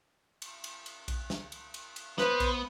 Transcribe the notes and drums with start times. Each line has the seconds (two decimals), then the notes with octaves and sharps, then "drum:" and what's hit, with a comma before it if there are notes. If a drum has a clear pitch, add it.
0.42 drum: cymbal
0.64 drum: cymbal
0.86 drum: cymbal
1.08 drum: kick A#1, cymbal
1.30 drum: snare
1.52 drum: cymbal
1.74 drum: cymbal
1.96 drum: cymbal
2.18 B3 B4 C5, drum: snare
2.40 drum: kick A#1, cymbal